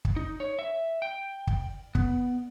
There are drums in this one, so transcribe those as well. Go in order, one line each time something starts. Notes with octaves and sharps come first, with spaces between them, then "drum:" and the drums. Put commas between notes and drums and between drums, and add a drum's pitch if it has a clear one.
drum: kick
D#4
C#5
E5
G5
drum: kick
B3, drum: kick